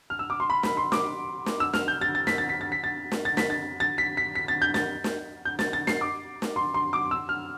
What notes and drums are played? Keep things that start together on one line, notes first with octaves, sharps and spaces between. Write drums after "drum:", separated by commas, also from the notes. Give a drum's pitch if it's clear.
F6
E6
D6
C6
B5
B5, drum: snare
C6
D6, drum: snare
drum: snare
E6
F6, drum: snare
G6
A6
A6
B6, drum: snare
A6
B6
A6
B6
A6
drum: snare
A6
B6, drum: snare
A6
A6
B6
B6
B6
A6
G6
A6, drum: snare
drum: snare
G6
A6, drum: snare
A6
C7, drum: snare
D6
drum: snare
C6
C6
D6
E6
F6